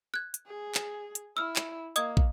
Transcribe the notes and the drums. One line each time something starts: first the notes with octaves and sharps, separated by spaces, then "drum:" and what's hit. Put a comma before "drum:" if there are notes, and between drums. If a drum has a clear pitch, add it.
F#6 G#6
drum: hi-hat
G#4
drum: clap
drum: hi-hat
E4 E6 F6
drum: clap
A#3 D#5 D#6 G#6, drum: hi-hat
drum: kick